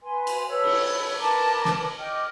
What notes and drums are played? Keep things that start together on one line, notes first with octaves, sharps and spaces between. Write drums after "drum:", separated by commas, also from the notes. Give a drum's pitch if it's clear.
B4 G#5 C6
drum: cymbal
A4 B4 C#5 E6
drum: cymbal
A#4 B4 A5 D6
drum: snare
D#5 G5 D6 F6